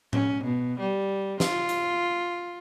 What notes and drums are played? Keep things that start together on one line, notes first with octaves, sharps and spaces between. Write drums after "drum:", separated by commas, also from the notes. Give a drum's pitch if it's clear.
C#4, drum: tom A2
B2
G3
F4, drum: snare
drum: hi-hat